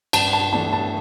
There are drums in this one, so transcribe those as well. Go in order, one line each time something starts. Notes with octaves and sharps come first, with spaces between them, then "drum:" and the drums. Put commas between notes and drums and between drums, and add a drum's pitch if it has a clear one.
G2 A5, drum: cymbal
A5
E3 A3 D4 A5
A5